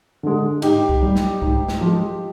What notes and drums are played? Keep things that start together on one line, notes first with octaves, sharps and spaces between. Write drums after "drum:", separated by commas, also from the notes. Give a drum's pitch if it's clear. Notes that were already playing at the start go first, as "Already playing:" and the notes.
D3 G#3
G#2 D#4 G4, drum: cymbal
drum: kick C2
G3
drum: snare
G#2, drum: kick C2
drum: snare
F3
G#3